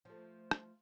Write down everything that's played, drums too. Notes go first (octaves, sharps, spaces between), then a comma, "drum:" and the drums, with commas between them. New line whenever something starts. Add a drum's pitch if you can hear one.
F3 A3
drum: rim click